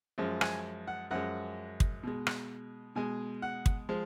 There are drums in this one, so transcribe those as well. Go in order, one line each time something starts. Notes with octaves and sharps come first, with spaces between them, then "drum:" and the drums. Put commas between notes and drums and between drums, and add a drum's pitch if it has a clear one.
F#2 F3 G#3
G#5, drum: rim click
F#5
F#2 F3 G#3 F#5
drum: kick
B2 G#3
drum: rim click
B2 G#3 G#5
F#5
drum: kick
F3 G#3